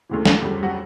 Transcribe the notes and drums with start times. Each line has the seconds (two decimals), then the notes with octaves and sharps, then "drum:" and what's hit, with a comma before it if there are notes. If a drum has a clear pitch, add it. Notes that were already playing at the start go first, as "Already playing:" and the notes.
0.09 D2 C#3 E3
0.25 drum: snare
0.41 F2 C#3 F#3 G3 G4
0.63 F#3 F#4